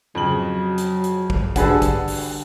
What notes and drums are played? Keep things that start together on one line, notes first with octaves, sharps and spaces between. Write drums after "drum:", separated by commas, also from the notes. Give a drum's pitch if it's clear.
F2 C#3 F#3 F#7
drum: hi-hat
drum: hi-hat
drum: kick
D3 G3 F#4 G#4 A4 B4, drum: kick, hi-hat
drum: kick, hi-hat
drum: open hi-hat